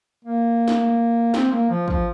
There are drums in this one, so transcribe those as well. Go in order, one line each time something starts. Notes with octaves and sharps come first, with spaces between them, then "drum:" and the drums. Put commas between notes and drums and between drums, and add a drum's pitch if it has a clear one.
A#3
drum: snare
C4, drum: snare
A#3
F3
F3, drum: kick